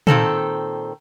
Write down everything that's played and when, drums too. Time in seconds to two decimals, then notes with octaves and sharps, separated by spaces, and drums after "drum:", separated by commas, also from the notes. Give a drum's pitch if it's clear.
0.07 A#2 D#3 C4 A4, drum: tom